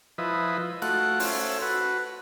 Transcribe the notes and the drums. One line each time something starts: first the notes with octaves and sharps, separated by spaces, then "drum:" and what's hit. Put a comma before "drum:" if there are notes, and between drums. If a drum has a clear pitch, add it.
F3 E4 B4 D#5
A3 F4 F#4 F#5, drum: cymbal
C#4 A4 C5 E5, drum: open hi-hat
F#4 B4